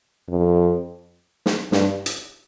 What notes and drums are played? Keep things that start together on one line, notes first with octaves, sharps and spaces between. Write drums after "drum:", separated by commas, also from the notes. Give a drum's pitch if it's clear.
F2
drum: snare
G2, drum: snare
drum: hi-hat